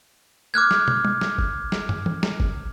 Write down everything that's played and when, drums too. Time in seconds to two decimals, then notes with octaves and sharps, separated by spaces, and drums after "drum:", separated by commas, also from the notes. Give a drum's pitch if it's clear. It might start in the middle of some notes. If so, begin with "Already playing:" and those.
0.54 D6 F6 F#6 G#6
0.71 drum: snare
0.88 drum: tom
1.05 drum: tom G3
1.21 drum: snare
1.38 drum: kick F#1
1.72 drum: snare
1.89 drum: tom
2.06 drum: tom E3
2.23 drum: snare
2.40 drum: kick F#1